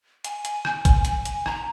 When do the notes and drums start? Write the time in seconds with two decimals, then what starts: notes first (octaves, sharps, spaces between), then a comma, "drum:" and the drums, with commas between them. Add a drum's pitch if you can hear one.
0.24 G#5, drum: hi-hat
0.45 drum: hi-hat
0.65 drum: rim click
0.85 drum: kick, hi-hat
1.05 G#5, drum: hi-hat
1.25 drum: hi-hat
1.46 A#5, drum: rim click